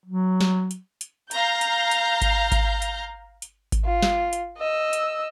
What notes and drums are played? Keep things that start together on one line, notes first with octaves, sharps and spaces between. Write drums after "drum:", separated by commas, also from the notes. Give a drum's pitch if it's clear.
F#3
drum: snare
drum: hi-hat
drum: hi-hat
F5 A#5 G6, drum: hi-hat
drum: hi-hat
drum: hi-hat
drum: kick G#1, hi-hat
drum: kick G#1, hi-hat
drum: hi-hat
drum: hi-hat
drum: kick G#1, hi-hat
F4
drum: snare
drum: hi-hat
D#5 E6
drum: hi-hat